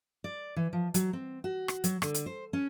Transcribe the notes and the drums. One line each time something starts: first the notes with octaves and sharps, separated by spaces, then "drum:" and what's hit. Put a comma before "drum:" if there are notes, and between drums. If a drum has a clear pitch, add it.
D5
E3
F3
F#3, drum: hi-hat
C4
F#4
drum: rim click
F#3, drum: hi-hat
D3, drum: rim click
drum: hi-hat
C5
C#4